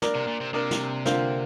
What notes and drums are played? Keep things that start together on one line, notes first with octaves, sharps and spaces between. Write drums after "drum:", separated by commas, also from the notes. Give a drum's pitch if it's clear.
A#3 D4 A#4 D5, drum: snare
C3
A#2
C3
C3 A#3 D4 A#4 D5
drum: snare
D3 A#3 F4 C5, drum: snare